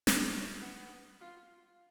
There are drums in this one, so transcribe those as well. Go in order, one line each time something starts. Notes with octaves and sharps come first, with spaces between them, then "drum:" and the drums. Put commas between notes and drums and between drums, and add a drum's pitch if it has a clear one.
drum: snare
A3
B3
F4